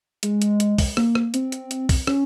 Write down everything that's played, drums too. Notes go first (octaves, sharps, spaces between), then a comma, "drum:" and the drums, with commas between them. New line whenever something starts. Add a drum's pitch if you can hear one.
G#3, drum: hi-hat
drum: hi-hat
drum: hi-hat
drum: kick, open hi-hat
A#3, drum: rim click
drum: rim click
C4, drum: hi-hat
drum: hi-hat
drum: hi-hat
drum: kick, open hi-hat
C#4, drum: rim click